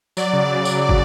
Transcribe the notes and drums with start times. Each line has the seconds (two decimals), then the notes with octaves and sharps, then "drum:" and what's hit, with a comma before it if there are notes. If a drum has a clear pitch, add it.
0.17 F#3 D5, drum: tambourine
0.33 C#3
0.49 F#3
0.65 drum: tambourine
0.89 drum: kick